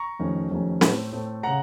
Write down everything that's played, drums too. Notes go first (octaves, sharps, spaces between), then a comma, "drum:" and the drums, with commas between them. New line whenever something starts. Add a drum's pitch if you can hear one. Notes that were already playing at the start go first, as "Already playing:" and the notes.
Already playing: A#5 C#6
F1 F2 D#3 A3 C#4
F1 F2 D#3 A3 C#4
A2 A3 C4, drum: snare C4
A2 A3 C4
C#3 F#5 A#5